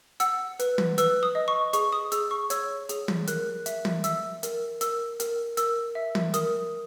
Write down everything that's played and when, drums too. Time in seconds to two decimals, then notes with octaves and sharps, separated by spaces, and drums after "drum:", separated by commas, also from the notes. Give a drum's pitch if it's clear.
0.20 F#5 E6, drum: hi-hat
0.59 B4, drum: hi-hat
0.78 drum: tom
0.98 B4 E6, drum: hi-hat
1.23 D#6
1.35 D#5
1.48 C#6
1.73 G#4 C#6, drum: hi-hat
1.93 D#6
2.12 G#4 E6, drum: hi-hat
2.31 C#6
2.50 C#5 E6, drum: hi-hat
2.89 G#4, drum: hi-hat
3.08 drum: tom
3.27 A#4 F#6, drum: hi-hat
3.66 E5, drum: hi-hat
3.85 drum: tom
4.04 E5 E6, drum: hi-hat
4.43 A#4, drum: hi-hat
4.81 A#4 E6, drum: hi-hat
5.20 A#4, drum: hi-hat
5.57 A#4 E6, drum: hi-hat
5.95 E5
6.15 drum: tom
6.34 A#4 D#6, drum: hi-hat